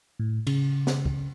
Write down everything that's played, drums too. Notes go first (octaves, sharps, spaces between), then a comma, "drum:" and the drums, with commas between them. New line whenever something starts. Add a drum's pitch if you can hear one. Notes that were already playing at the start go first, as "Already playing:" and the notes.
A2
C#3, drum: cymbal
drum: snare
drum: kick